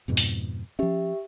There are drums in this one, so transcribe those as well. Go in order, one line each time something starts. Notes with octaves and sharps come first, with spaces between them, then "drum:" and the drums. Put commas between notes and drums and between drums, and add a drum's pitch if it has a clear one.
F2 G#2 B2
drum: open hi-hat
F3 C#4 G4 E5